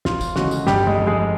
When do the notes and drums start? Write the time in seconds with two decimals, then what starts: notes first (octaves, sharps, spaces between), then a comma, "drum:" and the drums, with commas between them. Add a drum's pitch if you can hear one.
0.05 E1 F4, drum: snare
0.21 drum: kick, tambourine
0.36 D2 C#3 E3 G#3 F#4, drum: snare
0.51 drum: tambourine
0.67 G1 G3 G4, drum: snare
0.87 G#3 G#4
0.97 F2 D3
1.07 G#3 G#4